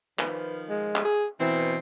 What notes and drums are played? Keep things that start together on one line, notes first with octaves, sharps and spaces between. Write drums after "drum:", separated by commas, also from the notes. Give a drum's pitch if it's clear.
D#3 F3 B4, drum: clap
G#3
drum: clap
G#4
B2 E3 C4